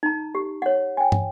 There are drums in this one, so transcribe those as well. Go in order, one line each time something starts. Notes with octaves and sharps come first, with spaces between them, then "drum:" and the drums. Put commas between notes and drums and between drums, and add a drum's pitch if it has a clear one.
D#4 A#5
G4
C#5 F#5
G5 G#5
drum: tom